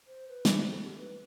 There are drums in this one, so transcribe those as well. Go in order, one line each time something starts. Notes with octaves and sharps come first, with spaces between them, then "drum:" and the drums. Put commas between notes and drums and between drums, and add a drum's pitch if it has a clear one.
C5
B4
drum: snare
C5
A4
G4
B4